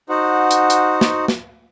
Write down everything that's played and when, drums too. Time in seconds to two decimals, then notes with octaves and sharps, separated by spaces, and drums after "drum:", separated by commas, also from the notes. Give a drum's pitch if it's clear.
0.09 D#4 F#4 C5 F#5
0.51 drum: hi-hat
0.70 drum: hi-hat
1.01 drum: snare
1.28 drum: snare